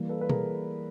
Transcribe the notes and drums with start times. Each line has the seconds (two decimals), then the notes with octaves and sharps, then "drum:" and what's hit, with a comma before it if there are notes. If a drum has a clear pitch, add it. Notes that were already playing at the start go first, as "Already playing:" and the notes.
Already playing: E3 G3 A#3
0.09 A4 B4
0.21 B4
0.30 G#4 A#4, drum: tom